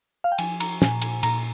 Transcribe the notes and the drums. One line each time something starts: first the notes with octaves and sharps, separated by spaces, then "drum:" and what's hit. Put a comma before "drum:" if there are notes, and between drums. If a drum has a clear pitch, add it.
F5
G5
F3 G#5, drum: cymbal
A#5, drum: cymbal
A#2 G#5, drum: snare
G#5, drum: cymbal
A#2 A#5, drum: cymbal